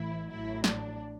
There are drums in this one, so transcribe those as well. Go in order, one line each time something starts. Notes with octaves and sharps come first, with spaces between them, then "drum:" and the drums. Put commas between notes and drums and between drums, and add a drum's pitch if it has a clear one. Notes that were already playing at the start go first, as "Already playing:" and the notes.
Already playing: A1 A2 E3 E4
A1 A2 F#3 E4
D4, drum: snare